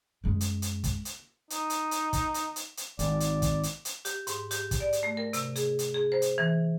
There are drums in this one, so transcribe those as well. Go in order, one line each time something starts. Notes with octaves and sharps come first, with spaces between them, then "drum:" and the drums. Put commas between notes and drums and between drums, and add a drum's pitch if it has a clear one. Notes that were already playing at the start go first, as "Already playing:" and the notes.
F#2 G#3
drum: hi-hat
drum: hi-hat
drum: kick, hi-hat
drum: hi-hat
D#4, drum: hi-hat
drum: hi-hat
drum: hi-hat
drum: kick, hi-hat
drum: hi-hat
drum: hi-hat
drum: hi-hat
G#1 D5, drum: hi-hat
drum: hi-hat
drum: kick, hi-hat
drum: hi-hat
drum: hi-hat
G4, drum: hi-hat
G#2, drum: hi-hat
G4, drum: hi-hat
drum: kick, hi-hat
D5
drum: hi-hat
A3
A#4
C3, drum: hi-hat
G#4, drum: hi-hat
drum: hi-hat
G#4
C5
drum: hi-hat
E3